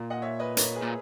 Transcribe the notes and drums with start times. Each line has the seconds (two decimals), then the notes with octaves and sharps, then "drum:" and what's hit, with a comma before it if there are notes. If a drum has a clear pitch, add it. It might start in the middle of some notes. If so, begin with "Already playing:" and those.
Already playing: A#2
0.10 D#5 F#5
0.22 C#5 E5
0.39 B4 D#5
0.57 A#4 C#5, drum: hi-hat
0.75 G#4 B4
0.82 A#2